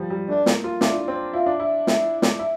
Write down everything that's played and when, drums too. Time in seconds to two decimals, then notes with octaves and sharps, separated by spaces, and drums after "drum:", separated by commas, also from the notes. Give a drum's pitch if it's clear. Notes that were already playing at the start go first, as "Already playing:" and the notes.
Already playing: F3 G3
0.10 G3
0.29 A3 D4
0.46 A#3, drum: snare
0.64 F4
0.81 D4 E4, drum: snare
1.08 C4
1.33 E4 F4
1.46 D4
1.60 E4
1.87 E4, drum: snare
2.22 drum: snare
2.39 E4